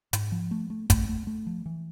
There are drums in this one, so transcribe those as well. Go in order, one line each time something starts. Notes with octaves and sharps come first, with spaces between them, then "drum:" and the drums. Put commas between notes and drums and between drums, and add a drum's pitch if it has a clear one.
G#2, drum: hi-hat
F3
A3
A3
A3, drum: kick, hi-hat
A3
A3
F3
E3